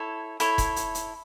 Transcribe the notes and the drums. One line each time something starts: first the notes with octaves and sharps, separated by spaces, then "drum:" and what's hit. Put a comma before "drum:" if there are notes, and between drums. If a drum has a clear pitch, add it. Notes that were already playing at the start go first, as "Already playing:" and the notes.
Already playing: E4 A4 C#5
E4 A4 C#5, drum: hi-hat
drum: kick E1, hi-hat
drum: hi-hat
drum: hi-hat